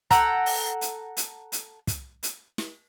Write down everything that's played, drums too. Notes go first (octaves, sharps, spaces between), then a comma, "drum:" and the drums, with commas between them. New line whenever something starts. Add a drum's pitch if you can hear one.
A4 F#5 G5 A#5, drum: kick, hi-hat
drum: open hi-hat
drum: hi-hat
drum: hi-hat
drum: hi-hat
drum: kick, hi-hat
drum: hi-hat
drum: snare